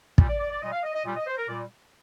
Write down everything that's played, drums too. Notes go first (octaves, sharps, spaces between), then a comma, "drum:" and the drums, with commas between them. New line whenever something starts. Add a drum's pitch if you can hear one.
A#2 G3, drum: kick
D5
D5
D5
A#2 G3 D#5
F5
D#5
D#5
A#2 G3
D#5
C5
A#4
A#2 G3 D5